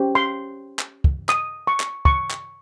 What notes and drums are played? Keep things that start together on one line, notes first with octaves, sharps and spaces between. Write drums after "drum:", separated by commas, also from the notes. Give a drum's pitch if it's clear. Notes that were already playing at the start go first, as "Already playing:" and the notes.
Already playing: C#4 G4 C5
C6
drum: clap
drum: kick
D#6, drum: clap
C#6
drum: clap
C#6, drum: kick
drum: clap